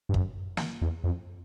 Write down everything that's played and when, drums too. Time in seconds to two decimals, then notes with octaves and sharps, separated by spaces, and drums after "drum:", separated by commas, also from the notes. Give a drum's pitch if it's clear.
0.09 G2
0.14 F#2, drum: kick
0.57 drum: snare
0.82 E2
1.04 F2